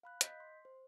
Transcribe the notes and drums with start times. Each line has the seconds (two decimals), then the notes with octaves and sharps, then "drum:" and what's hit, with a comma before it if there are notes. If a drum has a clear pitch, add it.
0.03 F5 B5 F#6
0.21 D#5 G6 B6, drum: hi-hat
0.40 C6
0.65 C5